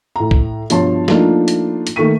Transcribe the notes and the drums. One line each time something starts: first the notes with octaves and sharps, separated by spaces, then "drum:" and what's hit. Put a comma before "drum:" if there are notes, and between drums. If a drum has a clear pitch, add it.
A2 A#5
drum: kick B1
G2 B2 F3 C#5 A5 C6, drum: hi-hat
F3 A3 A#3 D4 D#4 F4, drum: snare
drum: hi-hat
drum: hi-hat
D#3 A3 A#3 C#6 B6 D#7